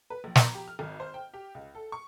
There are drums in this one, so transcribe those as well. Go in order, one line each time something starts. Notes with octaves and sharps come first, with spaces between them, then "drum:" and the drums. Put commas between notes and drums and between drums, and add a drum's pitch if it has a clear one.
B4
A#1
A#5, drum: snare
G4
F6
G#1
C5
G5
G4
C#2
A4
C#6